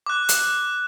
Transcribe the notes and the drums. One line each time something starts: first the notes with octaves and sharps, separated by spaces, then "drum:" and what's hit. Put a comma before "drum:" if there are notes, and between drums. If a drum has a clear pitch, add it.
D6 F#6
drum: hi-hat